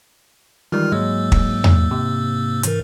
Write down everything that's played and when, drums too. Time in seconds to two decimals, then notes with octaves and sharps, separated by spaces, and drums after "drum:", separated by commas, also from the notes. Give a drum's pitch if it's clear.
0.72 D#3 E3 G3 G#3 F4 F6
0.92 G#2 F#3 G#3 A#3 E6
1.32 drum: kick
1.64 drum: tom E2
1.91 C3
2.63 G#2 E3 A#4, drum: hi-hat